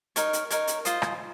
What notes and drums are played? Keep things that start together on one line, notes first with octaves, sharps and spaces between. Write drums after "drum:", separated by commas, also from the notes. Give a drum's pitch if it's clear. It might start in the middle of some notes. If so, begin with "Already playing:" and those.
D#4 A#4 C#5, drum: hi-hat
drum: hi-hat
D#4 A#4 C#5, drum: hi-hat
drum: hi-hat
F4 C5 D#5, drum: hi-hat
drum: rim click